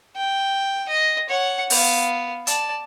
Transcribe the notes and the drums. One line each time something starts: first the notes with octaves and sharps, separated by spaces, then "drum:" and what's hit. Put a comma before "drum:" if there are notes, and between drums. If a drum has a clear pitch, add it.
G5
D#5
C#5 F#5
B3 F5, drum: open hi-hat
D5 A5, drum: hi-hat